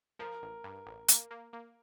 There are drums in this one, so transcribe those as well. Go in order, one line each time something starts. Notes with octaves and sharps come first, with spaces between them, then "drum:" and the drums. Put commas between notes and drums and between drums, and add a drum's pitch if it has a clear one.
F3 A#4
A1
G2
A1
A#3, drum: hi-hat
A#3
A#3